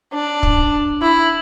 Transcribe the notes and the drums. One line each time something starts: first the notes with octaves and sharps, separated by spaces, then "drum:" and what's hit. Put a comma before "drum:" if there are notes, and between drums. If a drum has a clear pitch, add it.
D4
drum: kick
E4